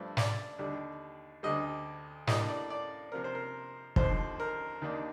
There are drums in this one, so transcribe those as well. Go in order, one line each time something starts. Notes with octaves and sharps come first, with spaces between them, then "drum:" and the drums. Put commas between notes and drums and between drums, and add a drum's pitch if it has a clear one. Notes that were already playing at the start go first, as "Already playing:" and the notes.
Already playing: G2 F3 A3 D4
D5, drum: snare
D#2 D3 G3 D4
D2 D3 G3 D#5
A2 G3 A#3 D4 D#5, drum: snare
D5
D5
C3 F3 C4 A#4
C5
A#4
D#2 D3 F3 C5, drum: kick
A#4
D#2 D#3 A#3 D4